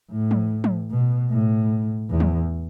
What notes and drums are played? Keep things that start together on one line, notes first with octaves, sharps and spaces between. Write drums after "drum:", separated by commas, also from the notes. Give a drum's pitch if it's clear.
A2
drum: tom
drum: tom
B2
A2
E2
drum: tom